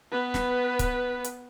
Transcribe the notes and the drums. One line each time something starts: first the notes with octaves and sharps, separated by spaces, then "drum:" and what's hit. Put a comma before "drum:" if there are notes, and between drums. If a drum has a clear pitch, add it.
B3 B4
drum: snare
drum: kick C#1, hi-hat
drum: hi-hat